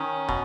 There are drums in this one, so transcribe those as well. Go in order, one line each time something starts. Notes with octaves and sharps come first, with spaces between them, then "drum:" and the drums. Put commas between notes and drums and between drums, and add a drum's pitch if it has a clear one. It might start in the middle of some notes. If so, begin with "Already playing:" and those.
Already playing: D#3 C#4
B2, drum: kick